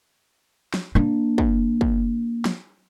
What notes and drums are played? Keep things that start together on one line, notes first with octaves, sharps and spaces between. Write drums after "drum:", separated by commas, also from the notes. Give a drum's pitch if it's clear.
drum: snare
A#3 D4
drum: kick
drum: kick
drum: snare